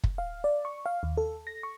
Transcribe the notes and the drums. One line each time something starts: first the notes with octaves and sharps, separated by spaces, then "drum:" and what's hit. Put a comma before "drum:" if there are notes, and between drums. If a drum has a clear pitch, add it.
drum: kick
F5
D5
C#6
F5
D#2
A4
A#6
C#6